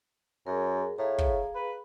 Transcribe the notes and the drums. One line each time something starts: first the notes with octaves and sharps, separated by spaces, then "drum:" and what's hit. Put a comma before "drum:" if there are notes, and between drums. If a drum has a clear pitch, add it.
F#2 G#4 A#4
A2 G#4 F5 A#5
drum: kick
B4